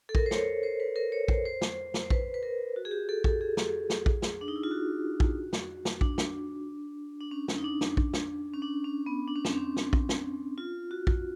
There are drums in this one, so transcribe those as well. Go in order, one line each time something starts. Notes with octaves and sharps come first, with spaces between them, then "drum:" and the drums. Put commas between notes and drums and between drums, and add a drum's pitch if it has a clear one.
A4
A#4, drum: kick A#1
C5
C#5, drum: snare
C5
B4
A#4
C#5
C5, drum: kick A#1
C5
drum: snare
drum: snare
C5
B4, drum: kick A#1
B4
A#4
F#4
G#4
G4
A4
A4, drum: kick A#1
G#4
drum: snare
drum: snare
drum: kick A#1
drum: snare
D4
D#4
E4
F4
F#4
drum: kick A#1
drum: snare
drum: snare
D4, drum: kick A#1
drum: snare
D4
C#4
drum: snare
D#4
D4
drum: snare
drum: kick A#1
drum: snare
C#4
D4
C#4
B3
D4
C#4
C4, drum: snare
C#4
drum: snare
drum: kick A#1
drum: snare
F4
F#4
drum: kick A#1